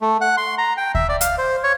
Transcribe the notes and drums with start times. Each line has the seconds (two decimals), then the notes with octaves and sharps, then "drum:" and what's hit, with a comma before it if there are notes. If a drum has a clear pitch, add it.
0.02 A3
0.21 F#5
0.37 C6
0.58 A#5
0.77 G5
0.95 E5, drum: kick D2
1.09 D5
1.21 F5, drum: hi-hat
1.38 C5
1.63 C#5